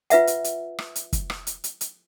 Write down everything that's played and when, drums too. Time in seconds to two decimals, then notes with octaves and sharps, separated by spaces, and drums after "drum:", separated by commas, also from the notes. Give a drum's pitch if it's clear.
0.10 F4 B4 E5 F#5, drum: hi-hat
0.27 drum: hi-hat
0.44 drum: hi-hat
0.78 drum: rim click
0.96 drum: hi-hat
1.13 drum: kick, hi-hat
1.30 drum: rim click
1.47 drum: hi-hat
1.64 drum: hi-hat
1.81 drum: hi-hat